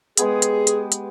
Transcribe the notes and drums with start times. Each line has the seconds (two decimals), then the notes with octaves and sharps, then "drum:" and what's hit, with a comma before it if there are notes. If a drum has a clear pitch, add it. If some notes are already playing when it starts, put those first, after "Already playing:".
0.17 G#3 B3 G4 G#4, drum: hi-hat
0.42 drum: hi-hat
0.67 drum: hi-hat
0.92 drum: hi-hat